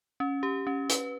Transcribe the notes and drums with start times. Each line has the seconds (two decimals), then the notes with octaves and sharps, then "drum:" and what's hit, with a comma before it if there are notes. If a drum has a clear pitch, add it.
0.20 C#4
0.43 G4
0.67 C#4
0.90 B4, drum: hi-hat